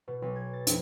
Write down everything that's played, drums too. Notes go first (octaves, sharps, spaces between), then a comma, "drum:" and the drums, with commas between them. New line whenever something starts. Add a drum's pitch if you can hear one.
B2
B1
G#6
A6
F2, drum: hi-hat